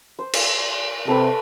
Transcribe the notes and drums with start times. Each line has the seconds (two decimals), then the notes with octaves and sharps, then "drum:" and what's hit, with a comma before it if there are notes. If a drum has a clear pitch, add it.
0.19 C5
0.33 drum: cymbal
1.08 C3 A4 B4